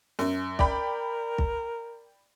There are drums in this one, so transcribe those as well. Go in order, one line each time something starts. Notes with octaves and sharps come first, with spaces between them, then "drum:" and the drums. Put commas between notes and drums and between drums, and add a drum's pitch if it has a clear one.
F#2, drum: snare
A#4 D5 G5 B5, drum: kick
drum: kick